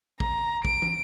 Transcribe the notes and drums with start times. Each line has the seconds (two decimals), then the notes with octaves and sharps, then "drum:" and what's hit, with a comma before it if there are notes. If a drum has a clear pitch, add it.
0.20 A#5, drum: kick
0.65 D7, drum: kick
0.82 drum: tom